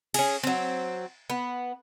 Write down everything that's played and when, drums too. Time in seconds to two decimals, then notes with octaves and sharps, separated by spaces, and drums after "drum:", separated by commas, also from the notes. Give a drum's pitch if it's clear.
0.14 C#4 G#4, drum: cymbal
0.44 F#3 C4
1.30 B3